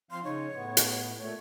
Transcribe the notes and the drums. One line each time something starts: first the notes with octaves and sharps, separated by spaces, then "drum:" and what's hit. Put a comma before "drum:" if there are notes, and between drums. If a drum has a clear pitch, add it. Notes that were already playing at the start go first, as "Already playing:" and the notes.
F3 C4 F5 C6
C#3 D#4 C#5
A2 B3
drum: hi-hat
A#2 A3 C#5